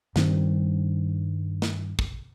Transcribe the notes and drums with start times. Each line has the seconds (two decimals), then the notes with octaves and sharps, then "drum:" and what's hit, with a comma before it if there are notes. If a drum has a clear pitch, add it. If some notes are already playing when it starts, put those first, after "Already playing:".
0.16 G2 D#3 G3 C4, drum: snare
1.62 drum: snare
1.99 drum: kick